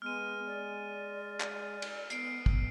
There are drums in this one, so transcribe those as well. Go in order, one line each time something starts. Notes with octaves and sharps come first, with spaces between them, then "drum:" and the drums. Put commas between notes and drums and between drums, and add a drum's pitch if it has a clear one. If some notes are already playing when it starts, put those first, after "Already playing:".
G#3 B3 F6 D#7
D5
drum: clap
drum: cymbal
B3 C7 D7, drum: hi-hat
drum: kick